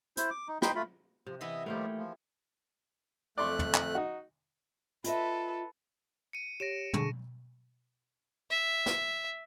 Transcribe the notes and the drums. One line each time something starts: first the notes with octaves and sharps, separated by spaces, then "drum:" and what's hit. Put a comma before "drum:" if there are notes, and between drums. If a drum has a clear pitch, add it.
E4 C5, drum: hi-hat
D6
D#4
D#4 G5 B5 C6, drum: rim click
A3 F4 B5
C3 F3
E3 B3 E4 D#5 E5
D#3 F3 G3 A3 A#3 F4 G4
F3
F2 A3 D5 C6 C#6 F#6
drum: tom
drum: clap
D#4 F#4
F4 A4 B4 D#5 E5, drum: hi-hat
C#7 D#7
G4 C#5 A#6 D7 E7
D3 G#4 A5 C#6, drum: tom
E5
drum: snare